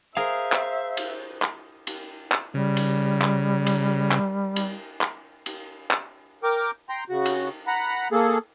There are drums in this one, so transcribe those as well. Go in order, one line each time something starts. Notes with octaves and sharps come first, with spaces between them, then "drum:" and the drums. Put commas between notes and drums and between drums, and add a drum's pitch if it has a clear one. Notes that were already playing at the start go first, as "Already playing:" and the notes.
G#4 A#4 C5 E5 F5
drum: clap
drum: cymbal
drum: clap
drum: cymbal
drum: clap
C#3 G3
drum: cymbal
drum: clap
drum: cymbal
drum: clap
drum: cymbal
drum: clap
drum: cymbal
drum: clap
A#4 G5 D6
G5 A#5 C6
C#3 F#4
drum: cymbal
F#5 A#5 B5
A#3 G#4 A4